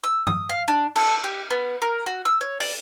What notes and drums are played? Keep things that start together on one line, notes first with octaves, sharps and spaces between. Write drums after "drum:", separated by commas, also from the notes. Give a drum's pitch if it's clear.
E6
D#6, drum: tom G2
F5
D4
A4, drum: cymbal
G4
B3
A#4
F#4
E6
C#5
D5, drum: open hi-hat